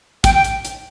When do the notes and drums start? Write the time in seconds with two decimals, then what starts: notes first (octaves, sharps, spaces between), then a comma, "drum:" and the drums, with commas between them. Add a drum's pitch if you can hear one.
0.24 G5, drum: kick, hi-hat
0.35 G5
0.44 drum: hi-hat
0.65 drum: hi-hat